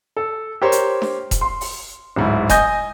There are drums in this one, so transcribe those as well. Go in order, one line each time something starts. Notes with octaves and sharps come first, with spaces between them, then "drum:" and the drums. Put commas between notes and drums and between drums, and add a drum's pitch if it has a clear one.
A4
G4 A#4 C5 C#5
drum: hi-hat
drum: snare D4
drum: kick E1, hi-hat
C6
drum: open hi-hat
D1 G#2 E4
D#5 G#5 D#6 G6 A#6, drum: kick E1, hi-hat